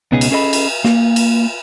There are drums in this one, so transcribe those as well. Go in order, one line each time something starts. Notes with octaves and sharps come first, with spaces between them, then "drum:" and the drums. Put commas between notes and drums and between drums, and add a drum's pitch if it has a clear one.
C#2 B2 B3 C#4 D#4 G#4
drum: cymbal
C#4 G#4 A4 D#5 B5
drum: cymbal
A#3, drum: snare
drum: cymbal